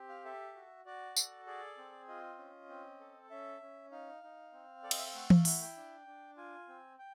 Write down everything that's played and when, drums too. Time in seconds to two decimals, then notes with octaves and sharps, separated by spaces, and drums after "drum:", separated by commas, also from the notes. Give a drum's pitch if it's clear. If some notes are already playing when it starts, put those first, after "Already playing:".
Already playing: C4 G4
0.09 F5
0.25 A4 E5
0.55 F#4
0.85 F#4 D5
1.17 A4, drum: tambourine
1.47 G#4 D5
1.78 C4
2.08 F4 D#5
2.39 C#4
2.69 C4
3.01 A4
3.30 C#4 E5
3.61 C#4
3.92 D#4 F5
4.24 D#4
4.53 C4
4.83 A4 D5
4.91 D#5, drum: cymbal
4.99 E5
5.07 F5
5.14 A3 F#5
5.30 F5, drum: tom E3
5.45 E4 F#5, drum: open hi-hat
5.62 G5
5.77 D4
6.07 D4
6.37 F4 G#5
6.69 C4
6.99 G5